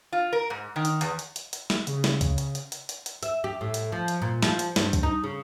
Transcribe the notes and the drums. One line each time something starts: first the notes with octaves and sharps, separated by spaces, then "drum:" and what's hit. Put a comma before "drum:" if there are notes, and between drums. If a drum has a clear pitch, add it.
F4
A#4
G#2
D#3
drum: hi-hat
E2, drum: hi-hat
drum: hi-hat
drum: hi-hat
drum: hi-hat
drum: snare
C#3, drum: hi-hat
drum: snare
drum: kick, hi-hat
drum: hi-hat
drum: hi-hat
drum: hi-hat
drum: hi-hat
drum: hi-hat
E5, drum: hi-hat
G4
A2
drum: hi-hat
F3
drum: hi-hat
A#2
F3, drum: snare
drum: hi-hat
G2, drum: snare
drum: kick, hi-hat
D#4
C#3